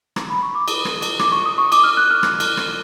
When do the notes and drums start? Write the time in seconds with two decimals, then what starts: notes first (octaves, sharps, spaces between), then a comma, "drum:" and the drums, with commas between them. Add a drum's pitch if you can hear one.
0.16 A#5, drum: rim click
0.30 B5
0.43 C#6
0.55 D6
0.68 F4 G#4 B4 D#6, drum: cymbal
0.85 drum: rim click
1.02 drum: cymbal
1.19 D6, drum: rim click
1.32 C#6
1.46 D#6
1.58 C#6
1.72 D6, drum: cymbal
1.84 F6
1.97 F#6
2.11 F6
2.23 drum: rim click
2.40 drum: cymbal
2.57 drum: rim click